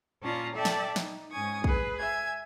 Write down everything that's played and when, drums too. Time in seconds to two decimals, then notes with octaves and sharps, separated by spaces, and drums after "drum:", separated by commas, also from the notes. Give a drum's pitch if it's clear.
0.22 A#2 C#4 F4 D5 A5 A#5
0.55 A4 D5 E5 G5 A5
0.65 drum: snare
0.96 D#4, drum: snare
1.31 G#2 C#4 G#5 C#6 D#6
1.64 G#4 B4, drum: kick
1.98 E5 G#5 G#6